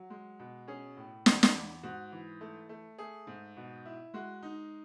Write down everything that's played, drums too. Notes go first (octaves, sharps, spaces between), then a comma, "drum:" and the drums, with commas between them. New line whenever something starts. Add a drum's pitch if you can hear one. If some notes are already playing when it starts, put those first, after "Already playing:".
Already playing: F#3
G#3
B2
C#4 G#4
A2
E2, drum: snare
drum: snare
E2
G#2 F#4
E3
A3
A3
A3 G#4
G#2
B2
E4
G#3 F#4
D#4